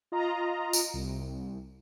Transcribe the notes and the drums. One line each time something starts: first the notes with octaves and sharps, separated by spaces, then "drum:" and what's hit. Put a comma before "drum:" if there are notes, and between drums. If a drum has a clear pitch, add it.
F4 D#5 A#5
drum: tambourine
C2